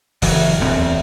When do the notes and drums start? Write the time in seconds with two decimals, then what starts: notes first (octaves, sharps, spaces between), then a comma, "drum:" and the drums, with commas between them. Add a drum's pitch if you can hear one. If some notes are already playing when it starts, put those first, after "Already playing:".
0.22 F#1 E3 F#3, drum: open hi-hat
0.60 D1 E2 C4